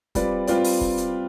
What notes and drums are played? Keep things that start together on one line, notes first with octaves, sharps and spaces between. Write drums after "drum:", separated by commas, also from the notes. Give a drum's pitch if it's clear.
G3 C4 F4 B4 D5, drum: kick, hi-hat
G3 C4 F4 B4 D5, drum: hi-hat
drum: open hi-hat
drum: kick
drum: hi-hat